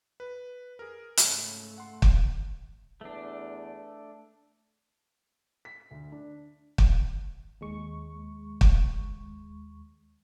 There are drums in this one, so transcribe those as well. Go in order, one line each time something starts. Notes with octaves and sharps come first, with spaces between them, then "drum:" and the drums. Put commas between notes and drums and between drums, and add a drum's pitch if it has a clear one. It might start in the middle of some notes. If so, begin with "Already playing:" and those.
B4
G#4 A#4
G#2 C#3 A3, drum: hi-hat
F#5 C6
drum: kick
E2 A3 D4
B6
D2
D4
drum: kick
D#2 G#3 C#6
drum: kick